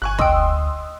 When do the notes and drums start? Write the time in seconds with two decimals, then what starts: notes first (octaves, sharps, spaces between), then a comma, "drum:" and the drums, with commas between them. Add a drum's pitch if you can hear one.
0.02 G1 G#5 C#6 F#6
0.19 D2 D#5 G5 C6 D#6 E6, drum: kick